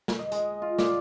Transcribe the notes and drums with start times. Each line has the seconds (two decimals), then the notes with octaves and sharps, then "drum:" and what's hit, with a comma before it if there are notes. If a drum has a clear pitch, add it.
0.08 drum: snare
0.19 D#5
0.32 G#3, drum: hi-hat
0.62 F4
0.79 D5, drum: snare